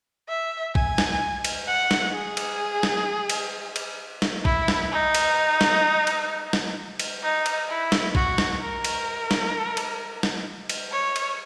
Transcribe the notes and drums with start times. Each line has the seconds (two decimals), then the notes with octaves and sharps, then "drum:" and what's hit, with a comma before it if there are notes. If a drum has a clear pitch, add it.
0.29 E5
0.75 G#5, drum: kick
0.98 drum: snare
1.45 drum: cymbal
1.67 F#5
1.91 drum: snare
2.13 G#4
2.37 drum: cymbal
2.83 drum: snare
3.29 drum: cymbal
3.76 drum: cymbal
4.22 drum: snare
4.45 E4, drum: kick
4.68 drum: snare
4.91 D#4
5.14 drum: cymbal
5.61 drum: snare
6.07 drum: cymbal
6.53 drum: snare
6.99 drum: cymbal
7.23 D#4
7.46 drum: cymbal
7.68 E4
7.92 drum: snare
8.15 F#4, drum: kick
8.38 drum: snare
8.61 A#4
8.84 drum: cymbal
9.31 drum: snare
9.77 drum: cymbal
10.23 drum: snare
10.69 drum: cymbal
10.92 C#5
11.16 drum: cymbal